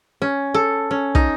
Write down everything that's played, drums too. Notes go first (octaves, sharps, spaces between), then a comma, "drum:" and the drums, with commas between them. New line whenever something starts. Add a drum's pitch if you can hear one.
C#4
A4
C#4
D#4, drum: kick